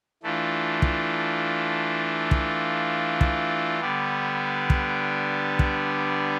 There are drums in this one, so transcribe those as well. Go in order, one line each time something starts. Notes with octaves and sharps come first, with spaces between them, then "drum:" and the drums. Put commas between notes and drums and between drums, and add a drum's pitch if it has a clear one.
E3 A3 D4 F4
drum: kick
drum: kick
drum: kick
D3 G3 B3 D4
drum: kick
drum: kick